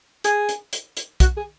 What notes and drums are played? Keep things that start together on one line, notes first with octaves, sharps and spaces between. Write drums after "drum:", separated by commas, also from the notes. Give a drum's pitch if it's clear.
G#4, drum: hi-hat
drum: hi-hat
drum: hi-hat
drum: hi-hat
F#4, drum: kick, hi-hat
G#4